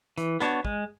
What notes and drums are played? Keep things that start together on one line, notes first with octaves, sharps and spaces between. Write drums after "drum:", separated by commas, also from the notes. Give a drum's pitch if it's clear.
E3, drum: hi-hat
B3 D4 F#4 C#5, drum: snare
G#3, drum: kick